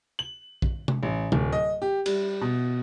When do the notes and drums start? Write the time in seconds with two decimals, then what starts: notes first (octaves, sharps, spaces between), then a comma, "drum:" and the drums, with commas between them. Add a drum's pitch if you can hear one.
0.19 F#7
0.62 drum: kick A#1
0.88 drum: tom C3
1.03 A1
1.32 D1, drum: tom C3
1.53 D#5
1.82 G4
2.06 G3, drum: cymbal
2.41 B2